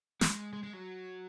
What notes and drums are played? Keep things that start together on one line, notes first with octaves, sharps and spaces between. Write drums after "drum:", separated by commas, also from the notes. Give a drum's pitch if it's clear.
G#3, drum: snare
G#3
G#3
F#3